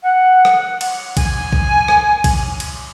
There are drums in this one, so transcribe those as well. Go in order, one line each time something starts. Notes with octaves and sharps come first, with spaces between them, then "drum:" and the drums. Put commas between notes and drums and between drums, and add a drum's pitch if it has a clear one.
F#5
drum: rim click
drum: cymbal
G#5, drum: kick, cymbal
drum: kick
drum: rim click
drum: kick, cymbal
drum: cymbal